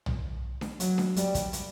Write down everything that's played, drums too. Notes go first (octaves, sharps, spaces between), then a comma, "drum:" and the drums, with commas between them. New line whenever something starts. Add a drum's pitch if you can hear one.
drum: tom
drum: snare D4
F#3, drum: hi-hat
drum: snare D4
G3, drum: hi-hat
drum: kick, hi-hat
drum: hi-hat